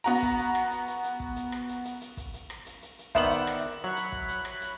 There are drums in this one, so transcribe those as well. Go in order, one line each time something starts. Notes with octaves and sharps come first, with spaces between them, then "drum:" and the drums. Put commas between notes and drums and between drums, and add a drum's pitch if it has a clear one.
B3 F#4 A#5
drum: kick, hi-hat
drum: hi-hat
drum: rim click
drum: hi-hat
drum: hi-hat
drum: hi-hat
drum: kick
drum: hi-hat
drum: rim click
drum: hi-hat
drum: hi-hat
drum: hi-hat
drum: kick, hi-hat
drum: hi-hat
drum: rim click
drum: hi-hat
drum: hi-hat
drum: hi-hat
D#3 B3 C5 D5 E5 F#5 E7 F#7, drum: kick, hi-hat
drum: hi-hat
drum: rim click
F#3 C#5 B5 F#6
drum: hi-hat
drum: kick
drum: hi-hat
drum: rim click
drum: hi-hat